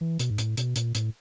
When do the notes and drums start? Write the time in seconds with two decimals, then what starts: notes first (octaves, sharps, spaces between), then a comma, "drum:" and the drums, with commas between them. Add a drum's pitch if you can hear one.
0.01 E3
0.19 B2, drum: hi-hat
0.30 G#2
0.38 A2, drum: hi-hat
0.57 B2, drum: hi-hat
0.76 A#2, drum: hi-hat
0.95 A2, drum: hi-hat